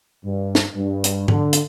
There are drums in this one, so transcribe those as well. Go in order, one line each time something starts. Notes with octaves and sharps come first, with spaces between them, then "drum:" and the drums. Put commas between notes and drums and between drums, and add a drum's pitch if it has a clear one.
G2
drum: snare
G2
drum: hi-hat
D3, drum: tom G#2
drum: hi-hat